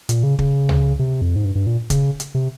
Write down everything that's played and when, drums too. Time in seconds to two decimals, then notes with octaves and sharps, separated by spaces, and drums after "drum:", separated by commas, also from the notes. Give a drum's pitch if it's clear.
0.09 A#2, drum: hi-hat
0.23 C#3
0.39 C#3, drum: kick
0.69 drum: tom C#2
0.99 C3
1.21 F2
1.36 G#2
1.45 G2
1.55 G2
1.67 A#2
1.90 C#3, drum: kick, hi-hat
2.20 drum: hi-hat
2.35 C3